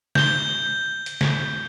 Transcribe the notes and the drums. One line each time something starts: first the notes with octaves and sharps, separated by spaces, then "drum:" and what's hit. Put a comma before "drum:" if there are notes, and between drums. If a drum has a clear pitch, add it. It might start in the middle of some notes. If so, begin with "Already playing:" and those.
G6 G7, drum: snare
drum: hi-hat
drum: snare